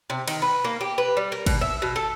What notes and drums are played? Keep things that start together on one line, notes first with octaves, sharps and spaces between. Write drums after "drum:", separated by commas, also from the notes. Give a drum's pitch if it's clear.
C3
D#3, drum: cymbal
B4
A#3
G4
B4
G3
A#4
B2, drum: kick, cymbal
E5
B2
A4